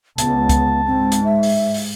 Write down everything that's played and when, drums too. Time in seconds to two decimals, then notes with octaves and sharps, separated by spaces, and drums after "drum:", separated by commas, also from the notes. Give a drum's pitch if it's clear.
0.18 C#2 B3 A5, drum: hi-hat
0.49 drum: kick, hi-hat
0.86 G#2 C4
1.12 drum: hi-hat
1.24 E5
1.43 drum: open hi-hat
1.74 drum: open hi-hat